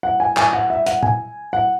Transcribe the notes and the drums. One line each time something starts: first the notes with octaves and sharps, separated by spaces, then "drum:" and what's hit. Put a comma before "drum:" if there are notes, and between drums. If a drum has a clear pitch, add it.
F#5
G#5
G#5, drum: clap
F#5
E5
F#5, drum: hi-hat
G#5, drum: tom
F#5